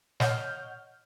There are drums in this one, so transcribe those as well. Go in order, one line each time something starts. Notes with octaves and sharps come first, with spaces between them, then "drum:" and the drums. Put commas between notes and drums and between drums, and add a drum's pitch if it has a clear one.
C#5 D#5 F#5 F6 G6, drum: snare